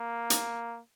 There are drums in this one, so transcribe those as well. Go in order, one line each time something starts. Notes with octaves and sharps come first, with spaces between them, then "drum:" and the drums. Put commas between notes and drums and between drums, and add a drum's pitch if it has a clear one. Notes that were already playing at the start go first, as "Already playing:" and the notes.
Already playing: A#3
drum: hi-hat